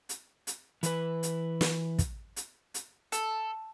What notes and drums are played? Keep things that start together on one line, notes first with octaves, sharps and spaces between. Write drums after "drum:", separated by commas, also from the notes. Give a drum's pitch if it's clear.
drum: hi-hat
drum: hi-hat
E3 B4, drum: hi-hat
drum: hi-hat
drum: snare
drum: kick, hi-hat
drum: hi-hat
drum: hi-hat
A4, drum: hi-hat